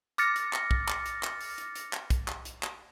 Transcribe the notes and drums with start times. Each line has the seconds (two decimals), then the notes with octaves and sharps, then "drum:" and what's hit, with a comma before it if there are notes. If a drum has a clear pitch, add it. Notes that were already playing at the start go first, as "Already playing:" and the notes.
0.18 D6 F6 A6 A#6 C#7, drum: hi-hat
0.36 drum: hi-hat
0.53 drum: clap
0.71 drum: kick
0.88 drum: clap
1.06 drum: hi-hat
1.23 drum: clap
1.41 drum: open hi-hat
1.58 drum: hi-hat
1.75 drum: hi-hat
1.93 drum: clap
2.10 drum: kick, hi-hat
2.28 drum: clap
2.45 drum: hi-hat
2.63 drum: clap